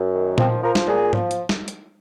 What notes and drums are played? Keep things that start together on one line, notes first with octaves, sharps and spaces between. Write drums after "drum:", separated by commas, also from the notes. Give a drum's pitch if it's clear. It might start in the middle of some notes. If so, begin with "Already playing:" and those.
Already playing: F#2
D#3
F3 C4, drum: tom A#2
F3 A#4
drum: snare
A#2 G#4
F3, drum: tom G#2
drum: hi-hat
drum: snare
drum: hi-hat